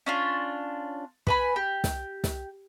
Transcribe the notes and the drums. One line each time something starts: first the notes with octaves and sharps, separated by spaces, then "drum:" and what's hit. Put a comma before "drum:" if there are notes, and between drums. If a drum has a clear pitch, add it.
C#4 D4 F4
B4 G#5 B5, drum: kick
G4
drum: snare
drum: snare